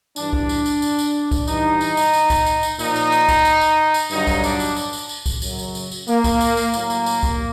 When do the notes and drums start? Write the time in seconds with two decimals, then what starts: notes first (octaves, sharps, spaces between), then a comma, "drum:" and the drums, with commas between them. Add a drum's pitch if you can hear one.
0.16 G2 E3 D4, drum: tambourine
0.33 drum: kick
0.49 drum: tambourine
0.66 drum: tambourine
0.82 drum: tambourine
0.99 drum: tambourine
1.31 drum: kick, tambourine
1.47 G2 E3 D#4, drum: tambourine
1.81 drum: tambourine
1.97 drum: tambourine
2.14 drum: tambourine
2.30 drum: kick, tambourine
2.46 drum: tambourine
2.63 drum: tambourine
2.79 A#2 F3 D#4, drum: tambourine
2.96 drum: tambourine
3.12 drum: tambourine
3.29 drum: kick, tambourine
3.45 drum: tambourine
3.61 drum: tambourine
3.94 drum: tambourine
4.11 G2 D3 F#3 D#4, drum: tambourine
4.27 drum: kick, tambourine
4.44 D4, drum: tambourine
4.60 drum: tambourine
4.76 drum: tambourine
4.93 drum: tambourine
5.09 drum: tambourine
5.26 drum: kick, tambourine
5.42 F#2 C#3 F#3, drum: tambourine
5.59 drum: tambourine
5.75 drum: tambourine
5.91 drum: tambourine
6.08 A#3, drum: tambourine
6.24 drum: kick, tambourine
6.41 drum: tambourine
6.57 drum: tambourine
6.74 A2 F#3 A#3, drum: tambourine
6.90 drum: tambourine
7.06 drum: tambourine
7.23 drum: kick, tambourine